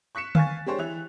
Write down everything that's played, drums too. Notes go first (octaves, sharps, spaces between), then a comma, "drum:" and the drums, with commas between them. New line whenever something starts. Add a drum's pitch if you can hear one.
C#6 F#6 B6 C#7 E7
F5 G#5 C#6 A6, drum: tom D3
G#3 D4 G4 C5 C#5
E3 E5 F#6 F7